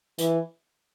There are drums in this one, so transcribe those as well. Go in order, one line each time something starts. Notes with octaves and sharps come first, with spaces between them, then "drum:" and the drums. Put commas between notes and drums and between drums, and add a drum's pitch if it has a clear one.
E3, drum: hi-hat